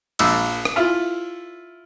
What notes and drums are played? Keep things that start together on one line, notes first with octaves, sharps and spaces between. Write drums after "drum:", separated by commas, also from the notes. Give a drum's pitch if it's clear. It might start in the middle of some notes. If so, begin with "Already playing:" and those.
A#1 E6, drum: cymbal
drum: rim click
E4 F4